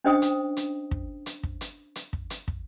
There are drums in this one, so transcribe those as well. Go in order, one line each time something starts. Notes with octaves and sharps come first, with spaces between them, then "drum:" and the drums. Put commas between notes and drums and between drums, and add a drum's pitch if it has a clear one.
C#4 D4 C5 D#5 G5 D#6
drum: hi-hat
drum: hi-hat
drum: kick
drum: hi-hat
drum: kick
drum: hi-hat
drum: hi-hat
drum: kick
drum: hi-hat
drum: kick